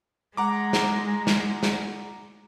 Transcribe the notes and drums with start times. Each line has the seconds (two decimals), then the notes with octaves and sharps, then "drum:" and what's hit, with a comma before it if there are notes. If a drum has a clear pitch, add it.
0.37 G#3 F#5 A#5 D6
0.73 drum: snare
1.27 drum: snare
1.63 drum: snare